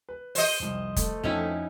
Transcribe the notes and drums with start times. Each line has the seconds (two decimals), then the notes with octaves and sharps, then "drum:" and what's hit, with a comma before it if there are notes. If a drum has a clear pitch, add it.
0.09 B4
0.35 C5 D#5, drum: open hi-hat
0.60 C2 F2
0.96 A3, drum: kick, hi-hat
1.24 F2 C#4 D#4 E4